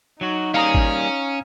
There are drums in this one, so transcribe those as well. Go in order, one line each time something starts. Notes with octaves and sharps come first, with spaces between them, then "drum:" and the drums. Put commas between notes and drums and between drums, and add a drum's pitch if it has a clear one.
F#3 D#4 F#4
G3 A#3 C#4 G#4 F5 A#5 D#6
drum: kick G#1